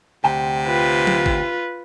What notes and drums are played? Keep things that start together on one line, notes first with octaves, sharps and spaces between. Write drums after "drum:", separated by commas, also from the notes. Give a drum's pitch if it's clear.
D2 C3 G5
F4 B4
drum: tom F#3
drum: kick